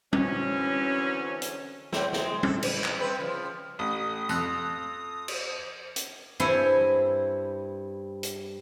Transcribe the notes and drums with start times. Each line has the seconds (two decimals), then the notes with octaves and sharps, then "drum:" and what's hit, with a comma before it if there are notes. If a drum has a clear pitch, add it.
0.13 D3 E3 F#3 C4 C#4, drum: tom
1.42 drum: hi-hat
1.92 E3 F#3 C4, drum: snare
2.13 G#3 C4, drum: snare
2.43 A4, drum: tom
2.63 E3, drum: cymbal
2.84 drum: clap
2.98 C4 B4
3.18 C#3 F3
3.79 A1 D#6
4.29 F2 F#6, drum: tambourine
5.28 drum: cymbal
5.96 drum: hi-hat
6.40 G2 C4 E4 C#5 G#5 C6
8.23 drum: hi-hat